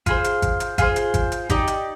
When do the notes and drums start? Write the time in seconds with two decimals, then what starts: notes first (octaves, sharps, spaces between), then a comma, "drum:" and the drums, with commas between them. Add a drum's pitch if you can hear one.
0.06 F4 G#4 C5, drum: kick G#1, hi-hat
0.24 drum: hi-hat
0.42 drum: kick G#1, hi-hat
0.60 drum: hi-hat
0.78 F4 G#4 C5, drum: kick G#1, hi-hat
0.96 drum: hi-hat
1.14 drum: kick G#1, hi-hat
1.32 drum: hi-hat
1.50 D#4 G4 D5, drum: kick G#1, hi-hat
1.67 drum: hi-hat